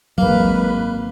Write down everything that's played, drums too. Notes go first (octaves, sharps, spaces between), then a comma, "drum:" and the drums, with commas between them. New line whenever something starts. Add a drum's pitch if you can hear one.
G#1 A#3 B4, drum: tom F#3